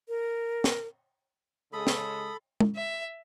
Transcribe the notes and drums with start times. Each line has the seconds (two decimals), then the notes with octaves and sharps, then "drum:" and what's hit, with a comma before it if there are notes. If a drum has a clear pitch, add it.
0.09 A#4
0.64 drum: snare
1.73 C#3 G#3 A4 B5 D#6
1.87 drum: snare
2.60 drum: tom
2.76 E5